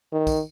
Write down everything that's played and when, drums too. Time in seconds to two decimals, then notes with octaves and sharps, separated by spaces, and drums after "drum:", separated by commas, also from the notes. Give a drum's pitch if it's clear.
0.13 D#3
0.27 drum: kick, tambourine